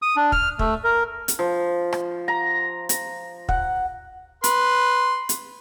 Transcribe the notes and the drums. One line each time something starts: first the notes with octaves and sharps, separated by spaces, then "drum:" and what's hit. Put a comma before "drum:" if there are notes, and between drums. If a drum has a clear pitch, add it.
D#6
D4
F6, drum: kick
A3, drum: kick
A#4
drum: hi-hat
F3
drum: rim click
A#5
drum: hi-hat
F#5, drum: kick
B4 C6, drum: hi-hat
drum: hi-hat